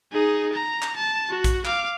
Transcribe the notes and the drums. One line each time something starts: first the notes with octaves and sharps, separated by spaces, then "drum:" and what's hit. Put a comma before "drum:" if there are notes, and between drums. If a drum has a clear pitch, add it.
D#4 G#4
A#5
drum: clap
A5
F#4
drum: kick, hi-hat
F5 D6, drum: clap